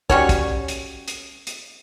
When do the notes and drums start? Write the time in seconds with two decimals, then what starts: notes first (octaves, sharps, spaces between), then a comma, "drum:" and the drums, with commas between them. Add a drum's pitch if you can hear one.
0.10 G3 C#4 F#4 C#5, drum: kick
0.29 drum: kick, hi-hat
0.68 drum: hi-hat
1.08 drum: hi-hat
1.47 drum: hi-hat